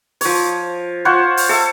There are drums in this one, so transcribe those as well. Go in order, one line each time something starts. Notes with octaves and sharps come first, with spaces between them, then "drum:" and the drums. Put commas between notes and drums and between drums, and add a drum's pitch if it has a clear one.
F3 C#5, drum: open hi-hat
F4 C5 C#5 F#5
drum: open hi-hat
A4 E5